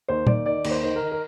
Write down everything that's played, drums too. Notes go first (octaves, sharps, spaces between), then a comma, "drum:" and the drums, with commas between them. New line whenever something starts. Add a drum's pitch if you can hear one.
D#2 C5
D#2 D5, drum: tom A#2
D#3 D5
D#2, drum: cymbal
C5
D#3 C5
A#4
D#3
A#4